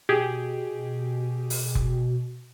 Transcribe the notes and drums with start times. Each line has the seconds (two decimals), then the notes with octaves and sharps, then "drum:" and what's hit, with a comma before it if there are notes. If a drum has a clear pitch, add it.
0.09 B2 G4 G#4
1.50 drum: open hi-hat
1.75 drum: kick F1